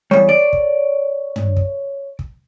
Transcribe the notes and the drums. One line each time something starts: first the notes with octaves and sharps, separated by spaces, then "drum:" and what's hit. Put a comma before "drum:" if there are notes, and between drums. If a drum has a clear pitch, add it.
E2 G3 C#5
D5
drum: kick
drum: tom
drum: kick
drum: kick